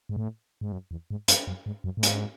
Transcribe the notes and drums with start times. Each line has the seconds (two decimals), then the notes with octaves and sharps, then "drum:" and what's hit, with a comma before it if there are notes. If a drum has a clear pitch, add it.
0.09 G#2
0.17 A2
0.61 G#2
0.72 F#2
0.91 E2
1.11 G#2
1.28 F#2, drum: hi-hat
1.47 F#2
1.66 G#2
1.84 F#2
1.97 A2
2.03 G#2, drum: hi-hat